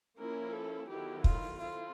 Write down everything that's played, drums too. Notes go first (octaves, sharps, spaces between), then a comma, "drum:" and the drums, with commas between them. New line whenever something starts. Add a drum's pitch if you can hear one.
F3 A#3 C#4 E4 A#4
A4
D#3 F#3 B3 E4 G4 A4
F4, drum: kick
C4 E4 F4 A4